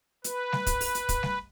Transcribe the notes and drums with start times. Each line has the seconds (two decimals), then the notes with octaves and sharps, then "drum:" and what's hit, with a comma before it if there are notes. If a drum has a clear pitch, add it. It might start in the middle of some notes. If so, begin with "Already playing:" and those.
0.24 B4, drum: hi-hat
0.52 drum: snare
0.66 drum: kick, hi-hat
0.81 drum: open hi-hat
0.95 drum: hi-hat
1.09 drum: kick, hi-hat
1.23 drum: snare